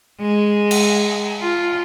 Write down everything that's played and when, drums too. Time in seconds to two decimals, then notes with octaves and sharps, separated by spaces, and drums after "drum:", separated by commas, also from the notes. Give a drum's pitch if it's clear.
0.21 G#3
0.71 drum: cymbal
1.40 F4